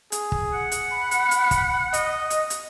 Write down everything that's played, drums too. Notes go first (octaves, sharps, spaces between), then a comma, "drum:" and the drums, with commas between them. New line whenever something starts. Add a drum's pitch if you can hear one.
G#4, drum: hi-hat
drum: kick
F#5
drum: hi-hat
B5
drum: hi-hat
drum: hi-hat
drum: kick, hi-hat
D#5, drum: hi-hat
drum: hi-hat
drum: hi-hat